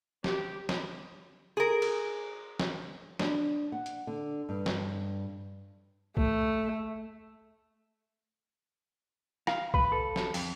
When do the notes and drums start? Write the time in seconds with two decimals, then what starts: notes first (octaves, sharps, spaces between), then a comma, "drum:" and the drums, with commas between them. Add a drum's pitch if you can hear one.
0.24 G4, drum: snare
0.69 drum: snare
1.57 G#4 A#4
1.82 drum: cymbal
2.60 drum: snare
3.19 D4, drum: snare
3.72 F#5
3.86 drum: hi-hat
4.07 D3
4.49 G2
4.66 drum: snare
6.17 A3, drum: kick
9.47 F5, drum: rim click
9.74 B4, drum: kick
9.92 A4
10.16 drum: snare
10.34 F2, drum: open hi-hat